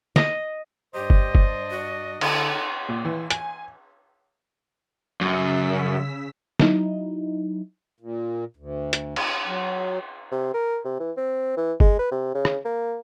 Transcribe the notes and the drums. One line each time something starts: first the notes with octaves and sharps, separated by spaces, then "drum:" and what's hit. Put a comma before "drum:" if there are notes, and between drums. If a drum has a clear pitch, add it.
D#5, drum: snare
G2 D4 G4 C5 D#5
drum: kick G1
drum: kick G1
F#4
D3 D#4 A4 F#5 G#5, drum: cymbal
A#2
E3
G#5, drum: hi-hat
F#2 C#3 E6 B6
F#3 D#4 E4, drum: snare
A#2
D2
drum: hi-hat
drum: cymbal
F#3
C3
A#4
C3
E3
C4
E3
G#3, drum: kick G1
B4
C3
C#3
drum: rim click
A#3